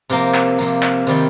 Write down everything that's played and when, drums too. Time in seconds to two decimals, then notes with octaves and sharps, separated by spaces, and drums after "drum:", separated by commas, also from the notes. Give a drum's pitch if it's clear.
0.10 C3 F3 A#3 G5, drum: tambourine
0.34 drum: clap
0.58 C3 F3 A#3, drum: tambourine
0.83 drum: clap
1.07 C3 D#3 G3, drum: tambourine